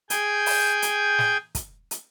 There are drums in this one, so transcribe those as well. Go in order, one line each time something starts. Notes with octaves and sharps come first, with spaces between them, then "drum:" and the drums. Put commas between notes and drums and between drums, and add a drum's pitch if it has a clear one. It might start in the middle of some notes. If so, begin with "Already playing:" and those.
G#4 G5 G#5 G6 G#6, drum: hi-hat
drum: open hi-hat
drum: hi-hat
drum: snare
drum: kick, hi-hat
drum: hi-hat